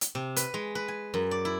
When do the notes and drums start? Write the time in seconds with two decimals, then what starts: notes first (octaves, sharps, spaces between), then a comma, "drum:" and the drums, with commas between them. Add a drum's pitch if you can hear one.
0.01 drum: hi-hat
0.15 C3
0.36 B4, drum: hi-hat
0.54 G#3
0.75 B4
0.88 G#5
1.14 F#2
1.31 D5
1.45 E4